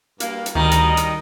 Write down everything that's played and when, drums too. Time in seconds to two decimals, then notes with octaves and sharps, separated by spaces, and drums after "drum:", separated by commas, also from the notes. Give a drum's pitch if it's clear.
0.20 G2 A#3 A#4, drum: hi-hat
0.46 drum: hi-hat
0.55 D2 D#3 G3 A#4 D#5 A#5
0.71 drum: hi-hat
0.97 drum: hi-hat